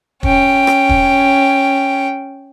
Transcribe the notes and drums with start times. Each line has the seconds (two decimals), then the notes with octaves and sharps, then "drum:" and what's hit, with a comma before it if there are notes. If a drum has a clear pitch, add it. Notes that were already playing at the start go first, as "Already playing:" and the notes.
0.23 C#4 G5, drum: kick
0.67 drum: rim click
0.89 drum: kick